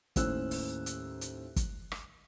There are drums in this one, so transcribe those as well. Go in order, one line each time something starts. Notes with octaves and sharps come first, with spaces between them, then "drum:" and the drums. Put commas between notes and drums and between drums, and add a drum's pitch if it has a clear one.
D#2 A2 C#4 C5 E6 F#6, drum: kick, hi-hat
drum: open hi-hat
drum: hi-hat
drum: hi-hat
drum: kick, hi-hat
drum: rim click